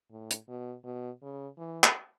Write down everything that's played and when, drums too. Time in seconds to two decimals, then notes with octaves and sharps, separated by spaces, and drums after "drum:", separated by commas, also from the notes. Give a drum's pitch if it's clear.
0.11 A2
0.31 drum: hi-hat
0.48 B2
0.84 B2
1.22 C#3
1.58 E3
1.84 drum: clap